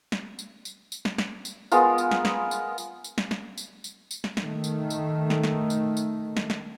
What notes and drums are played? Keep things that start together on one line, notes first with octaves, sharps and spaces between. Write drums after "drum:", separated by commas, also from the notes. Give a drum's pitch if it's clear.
drum: snare
drum: tambourine
drum: tambourine
drum: tambourine
drum: snare
drum: snare
drum: tambourine
G#3 B3 F4 A#4, drum: tambourine
drum: tambourine
drum: snare
drum: snare
drum: tambourine
drum: tambourine
drum: tambourine
drum: snare
drum: snare
drum: tambourine
drum: tambourine
drum: tambourine
drum: snare
D#3 A3, drum: snare
drum: tambourine
drum: tambourine
drum: snare
drum: snare
drum: tambourine
drum: tambourine
drum: snare
drum: snare